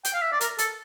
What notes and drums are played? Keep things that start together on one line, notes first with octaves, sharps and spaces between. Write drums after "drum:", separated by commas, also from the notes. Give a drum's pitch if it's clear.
G5, drum: hi-hat
F5
E5
D5
A#4, drum: hi-hat
A4, drum: hi-hat